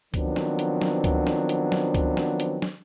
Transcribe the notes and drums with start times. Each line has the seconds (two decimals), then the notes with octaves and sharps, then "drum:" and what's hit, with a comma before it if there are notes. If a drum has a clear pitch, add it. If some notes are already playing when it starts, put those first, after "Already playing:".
0.14 D#3 F3 F#3 B3 C4 D4, drum: kick C#2, hi-hat
0.36 drum: snare
0.59 drum: hi-hat
0.82 drum: snare
1.04 drum: kick C#2, hi-hat
1.27 drum: snare
1.49 drum: hi-hat
1.72 drum: snare
1.95 drum: kick C#2, hi-hat
2.17 drum: snare
2.40 drum: hi-hat
2.62 drum: snare